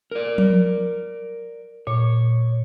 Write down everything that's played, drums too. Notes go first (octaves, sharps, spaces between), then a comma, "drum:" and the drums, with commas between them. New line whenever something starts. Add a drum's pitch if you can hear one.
A#4 D5
drum: tom F3
A#2 C#5